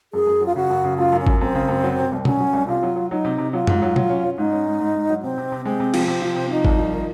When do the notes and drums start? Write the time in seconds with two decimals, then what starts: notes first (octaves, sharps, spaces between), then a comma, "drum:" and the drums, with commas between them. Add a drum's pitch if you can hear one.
0.13 F#2 G#4
0.27 F#2
0.41 F#3
0.46 F4
0.56 C#3 F#4
0.70 F#2
0.85 C#3
0.98 F#2 F4
1.12 F#2
1.20 C#4
1.27 F#2, drum: kick G#1
1.40 F#2 C4
1.55 C#3
1.69 F#2
1.84 F#3
1.97 C3
2.12 C2
2.25 F#3 C#4, drum: tom B2
2.40 F#3
2.53 C2
2.68 C3 F4
2.83 F#3
2.96 F#3
3.10 F#3 D#4
3.25 C3
3.38 C3
3.53 F#3 F4
3.67 G#2, drum: tom F#2
3.82 F#3
3.96 F#3, drum: tom B2
4.09 C#4
4.24 C#4
4.38 G#2 D#4
4.52 C#4
4.66 G#2
4.80 G#2
4.95 G#2
5.09 F#3
5.23 C3 C4
5.38 C3
5.52 C3
5.65 G#3 C4
5.80 C3
5.94 F3, drum: cymbal
6.08 C3 C4
6.22 F3
6.36 C3
6.50 F3 D#4
6.65 C2, drum: kick G#1
6.78 F3
6.93 D#3